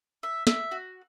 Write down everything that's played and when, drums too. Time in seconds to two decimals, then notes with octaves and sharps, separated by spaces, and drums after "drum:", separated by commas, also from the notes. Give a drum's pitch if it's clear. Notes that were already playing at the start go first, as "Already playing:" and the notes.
0.23 E5
0.47 E5, drum: snare
0.71 F#4